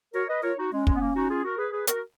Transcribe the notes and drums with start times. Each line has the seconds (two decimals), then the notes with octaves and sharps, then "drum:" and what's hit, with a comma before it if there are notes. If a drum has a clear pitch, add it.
0.14 F#4 A#4 C#5
0.29 B4 D#5
0.43 F4 A#4 C#5
0.58 D#4 F#4
0.72 G#3 C#4
0.87 G#3, drum: kick
0.95 B3
1.01 A#3
1.15 D#4 F#4
1.30 F4 G#4
1.44 F#4 A#4
1.58 G#4 B4
1.72 G#4 B4
1.87 F#4 A#4, drum: hi-hat